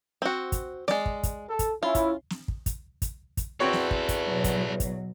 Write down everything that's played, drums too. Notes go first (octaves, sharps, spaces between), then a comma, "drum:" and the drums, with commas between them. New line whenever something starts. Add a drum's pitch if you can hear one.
C4 F#4
drum: kick, hi-hat
G#3 D5, drum: snare
drum: kick
drum: kick, hi-hat
A4
drum: kick, hi-hat
C#4 E4 F4
drum: kick, hi-hat
drum: snare
drum: kick
drum: kick, hi-hat
drum: kick, hi-hat
drum: kick, hi-hat
E2 C4 F#4 A4 B4 C#5
drum: snare
drum: kick
drum: kick, hi-hat
B2 F#3
drum: kick, hi-hat
drum: kick, hi-hat